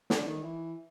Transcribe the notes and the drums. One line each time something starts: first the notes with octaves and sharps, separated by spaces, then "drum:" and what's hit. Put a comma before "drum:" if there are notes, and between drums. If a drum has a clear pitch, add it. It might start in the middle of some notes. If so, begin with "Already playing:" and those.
D3, drum: snare
D#3
E3